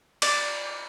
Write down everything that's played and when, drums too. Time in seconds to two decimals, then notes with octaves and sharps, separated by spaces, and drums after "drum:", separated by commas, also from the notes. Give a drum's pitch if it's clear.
0.22 D5, drum: cymbal